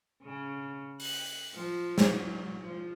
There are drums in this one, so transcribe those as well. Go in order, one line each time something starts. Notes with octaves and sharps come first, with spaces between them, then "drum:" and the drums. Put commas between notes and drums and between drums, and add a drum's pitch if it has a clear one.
C#3
F#6, drum: open hi-hat
F3
drum: snare
F#3
F3